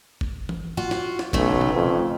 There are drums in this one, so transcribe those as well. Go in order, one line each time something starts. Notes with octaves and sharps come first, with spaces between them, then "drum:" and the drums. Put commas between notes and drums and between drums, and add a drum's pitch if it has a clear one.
drum: kick
drum: tom E3
F4 F#4
drum: snare
drum: snare
B1 C#3 A3, drum: kick
drum: tom B2
F2